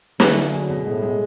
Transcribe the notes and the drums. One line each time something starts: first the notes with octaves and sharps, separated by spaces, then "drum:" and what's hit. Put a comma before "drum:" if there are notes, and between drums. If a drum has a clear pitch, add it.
D3 F#3 G#4, drum: snare
G#4
G#4
B2
A2 G#3
G#3